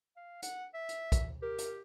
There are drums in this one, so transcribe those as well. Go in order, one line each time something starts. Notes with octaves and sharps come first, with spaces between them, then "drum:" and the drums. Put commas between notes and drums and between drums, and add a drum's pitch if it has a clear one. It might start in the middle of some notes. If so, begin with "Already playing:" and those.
F5
F#5, drum: hi-hat
E5
drum: hi-hat
drum: kick, hi-hat
G4 A#4
drum: hi-hat